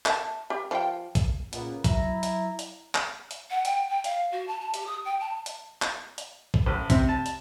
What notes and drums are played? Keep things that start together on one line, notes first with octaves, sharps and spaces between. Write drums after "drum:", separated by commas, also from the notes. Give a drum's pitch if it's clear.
E5 A5, drum: clap
G4
F3 G5
drum: kick A#1, hi-hat
A#2 C#3 A#3 B3, drum: hi-hat
F#3 E4 A#5, drum: kick A#1, hi-hat
drum: hi-hat
drum: hi-hat
drum: clap
drum: hi-hat
F#5
G5, drum: hi-hat
G5
F5, drum: hi-hat
F#4
A5
A5
G4, drum: hi-hat
D#6
G5
A5
drum: hi-hat
drum: clap
drum: hi-hat
drum: kick A#1
A1
C3, drum: kick A#1, hi-hat
A5
drum: hi-hat